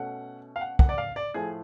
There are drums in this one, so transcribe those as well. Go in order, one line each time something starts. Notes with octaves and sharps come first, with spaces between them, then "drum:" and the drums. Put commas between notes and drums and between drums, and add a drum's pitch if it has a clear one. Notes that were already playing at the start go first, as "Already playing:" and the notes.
Already playing: B2 A3 C#4 F#5
F5
F#5
F#5, drum: kick
D5
F5
D5
A2 F3 A3 G#4